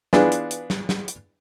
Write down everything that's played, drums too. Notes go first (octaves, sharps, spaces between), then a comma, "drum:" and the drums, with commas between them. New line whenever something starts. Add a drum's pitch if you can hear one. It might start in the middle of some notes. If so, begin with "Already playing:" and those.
E3 B3 D4 F4 G#4, drum: snare
drum: hi-hat
drum: hi-hat
drum: snare
drum: snare
drum: hi-hat